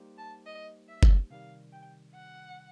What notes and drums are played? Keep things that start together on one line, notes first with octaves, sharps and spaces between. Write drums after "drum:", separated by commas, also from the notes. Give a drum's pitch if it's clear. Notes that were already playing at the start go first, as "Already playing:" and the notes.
Already playing: G3 A#3 D#4 G4 C5
A5
D#5
E5
drum: kick F#1
C3 D#3 G3 F5
G5
F#5